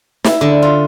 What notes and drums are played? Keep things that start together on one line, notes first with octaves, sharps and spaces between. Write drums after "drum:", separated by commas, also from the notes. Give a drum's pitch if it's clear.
E4, drum: snare
D3
F4